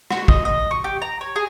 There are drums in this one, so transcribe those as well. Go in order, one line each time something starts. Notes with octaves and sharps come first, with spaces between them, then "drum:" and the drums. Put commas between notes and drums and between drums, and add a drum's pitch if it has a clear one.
F#4, drum: rim click
D#5, drum: kick
D#5
C#6
G4
A#5
C#5
G#4